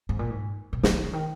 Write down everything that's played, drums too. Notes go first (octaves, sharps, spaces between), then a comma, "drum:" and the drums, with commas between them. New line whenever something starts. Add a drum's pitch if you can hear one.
G#2
A#2
G#2
B2
C#3, drum: snare
E3
C#3
D#3